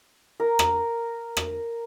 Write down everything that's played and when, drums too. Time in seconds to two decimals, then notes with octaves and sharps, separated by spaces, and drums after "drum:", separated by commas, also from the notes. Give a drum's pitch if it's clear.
0.40 A#4
0.59 drum: rim click
1.37 drum: rim click